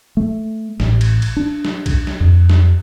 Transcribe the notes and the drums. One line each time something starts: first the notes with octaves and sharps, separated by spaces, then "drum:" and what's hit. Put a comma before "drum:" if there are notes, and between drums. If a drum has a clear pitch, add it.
A3
A1, drum: snare
drum: cymbal
drum: cymbal
D4
drum: snare
drum: kick, cymbal
drum: snare
F2
drum: snare